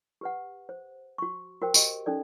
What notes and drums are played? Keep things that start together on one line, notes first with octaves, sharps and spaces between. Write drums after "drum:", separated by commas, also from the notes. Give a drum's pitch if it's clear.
G4 B4 F#5
C5
F#4 C#6
F#4 A#4 C5 G5
F#4 G4 D#5, drum: tambourine
C#4 D#4 A4 D5